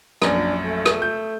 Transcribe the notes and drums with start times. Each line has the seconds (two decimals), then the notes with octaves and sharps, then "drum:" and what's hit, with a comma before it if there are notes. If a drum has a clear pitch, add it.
0.22 A#1 F#2 D4, drum: rim click
0.65 A3
0.86 drum: rim click
1.02 G6